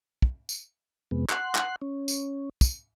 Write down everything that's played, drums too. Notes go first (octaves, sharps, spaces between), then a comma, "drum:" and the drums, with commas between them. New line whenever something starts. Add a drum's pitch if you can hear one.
drum: kick
drum: tambourine
F2 C3 G#3 B3
F#5 C6 F#6, drum: clap
drum: clap
C#4
drum: tambourine
drum: kick, tambourine